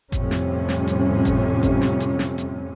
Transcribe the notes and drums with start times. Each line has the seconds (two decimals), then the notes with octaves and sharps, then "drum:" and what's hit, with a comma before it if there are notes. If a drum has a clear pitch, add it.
0.12 F2 A2 C3 G3 C#4, drum: kick G#1, hi-hat
0.31 drum: snare
0.69 drum: snare
0.87 drum: hi-hat
1.25 drum: kick G#1, hi-hat
1.63 drum: kick G#1, hi-hat
1.81 drum: snare
2.00 drum: hi-hat
2.19 drum: snare
2.38 drum: hi-hat